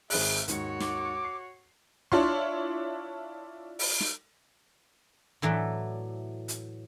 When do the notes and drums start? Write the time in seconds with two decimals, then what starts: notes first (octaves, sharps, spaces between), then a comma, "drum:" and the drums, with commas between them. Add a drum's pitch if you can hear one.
0.10 G#1 G#4 E5 F#6, drum: open hi-hat
0.48 D#2 G#2 F#4 C#5 C#7, drum: hi-hat
0.80 D6, drum: snare
1.25 C7
2.12 D4 E4 F4 C#5 C6, drum: kick
3.79 drum: open hi-hat
4.01 drum: snare
5.42 A2 E3 F#3 A3 D5
6.48 drum: hi-hat